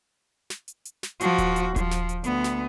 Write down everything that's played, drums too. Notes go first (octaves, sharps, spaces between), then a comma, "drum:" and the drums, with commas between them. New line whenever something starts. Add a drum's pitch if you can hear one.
drum: snare
drum: hi-hat
drum: hi-hat
drum: snare
F3 F#4, drum: hi-hat
drum: kick D#1, hi-hat
drum: hi-hat
F3, drum: kick D#1, hi-hat
drum: snare
drum: hi-hat
D2 B3, drum: hi-hat
drum: snare